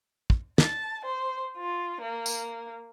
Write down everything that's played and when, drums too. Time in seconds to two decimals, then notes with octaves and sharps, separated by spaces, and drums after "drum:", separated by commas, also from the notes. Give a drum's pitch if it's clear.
0.30 drum: kick
0.58 A5, drum: snare
1.06 C5
1.59 F4
2.01 A#3
2.26 drum: tambourine